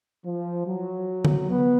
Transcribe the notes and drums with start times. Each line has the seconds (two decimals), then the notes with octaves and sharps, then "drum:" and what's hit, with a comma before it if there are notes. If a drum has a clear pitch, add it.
0.25 F3
0.66 F#3
1.25 drum: tom D3
1.49 B3